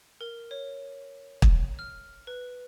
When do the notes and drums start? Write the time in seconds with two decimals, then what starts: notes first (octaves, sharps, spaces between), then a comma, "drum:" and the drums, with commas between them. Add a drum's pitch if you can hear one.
0.21 A#4
0.51 C#5
1.42 drum: kick
1.79 F6
2.27 B4